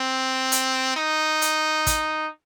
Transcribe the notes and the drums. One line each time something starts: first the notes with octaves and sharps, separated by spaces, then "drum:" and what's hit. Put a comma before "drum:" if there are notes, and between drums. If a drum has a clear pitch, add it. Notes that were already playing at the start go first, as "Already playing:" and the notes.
Already playing: C4
drum: hi-hat
D#4
drum: hi-hat
drum: kick, hi-hat